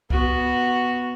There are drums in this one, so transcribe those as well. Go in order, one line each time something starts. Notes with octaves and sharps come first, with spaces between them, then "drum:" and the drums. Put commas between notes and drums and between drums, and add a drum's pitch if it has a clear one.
B3 F#4, drum: kick C2